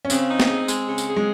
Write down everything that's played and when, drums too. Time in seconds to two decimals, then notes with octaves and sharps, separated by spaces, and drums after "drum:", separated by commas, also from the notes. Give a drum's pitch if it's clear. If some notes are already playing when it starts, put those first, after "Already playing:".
0.05 C#4
0.10 C#3 C4, drum: tambourine
0.30 D#4
0.40 drum: snare
0.49 G#4
0.68 G#3, drum: tambourine
0.88 C#3
0.98 drum: tambourine
1.08 G#4
1.16 G#3